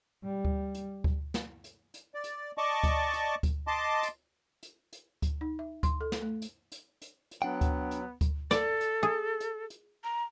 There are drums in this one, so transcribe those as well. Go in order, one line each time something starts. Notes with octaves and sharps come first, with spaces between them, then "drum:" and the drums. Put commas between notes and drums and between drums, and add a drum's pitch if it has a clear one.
G3
drum: kick D2
drum: hi-hat
drum: kick D2
drum: snare
drum: hi-hat
drum: hi-hat
D5
drum: hi-hat
D5 D#5 A5 C#6 D6
drum: kick D2, hi-hat
drum: hi-hat
drum: kick D2, hi-hat
D#5 A5 C6 D6
drum: hi-hat
drum: hi-hat
drum: hi-hat
drum: kick D2, hi-hat
D#4
E5
C6, drum: kick D2, hi-hat
A4
drum: snare
A3
drum: hi-hat
drum: hi-hat
drum: hi-hat
drum: hi-hat
F#3 B3 D4 F#5 G5
drum: kick D2, hi-hat
drum: hi-hat
drum: kick D2, hi-hat
A4 D5, drum: snare
drum: hi-hat
G#4
drum: hi-hat
drum: hi-hat
A#5